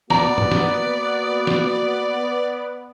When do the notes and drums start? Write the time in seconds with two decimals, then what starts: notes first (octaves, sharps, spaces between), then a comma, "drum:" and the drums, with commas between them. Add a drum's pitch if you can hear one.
0.10 A#3 B3 F#4 D5 A#5, drum: snare
0.38 drum: tom
0.51 drum: snare
1.47 drum: snare